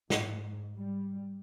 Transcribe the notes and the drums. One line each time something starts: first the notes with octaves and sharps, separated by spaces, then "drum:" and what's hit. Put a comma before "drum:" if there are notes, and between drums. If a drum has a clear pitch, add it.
G#2, drum: snare
G3